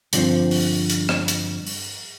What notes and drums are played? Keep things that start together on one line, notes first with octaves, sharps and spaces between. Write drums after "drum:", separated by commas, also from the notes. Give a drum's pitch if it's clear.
G2 D3 F3 C4, drum: hi-hat
drum: open hi-hat
drum: hi-hat
drum: rim click
drum: hi-hat
drum: open hi-hat